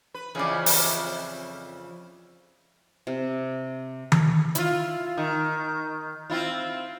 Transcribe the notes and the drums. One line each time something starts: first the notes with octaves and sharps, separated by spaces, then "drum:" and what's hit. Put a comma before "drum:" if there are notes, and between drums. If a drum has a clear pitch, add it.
B4
F2 C#3 E3 G#4 D5
D5, drum: open hi-hat
C3
drum: tom D#3
E4 F4, drum: hi-hat
D#3
C4 E4 F4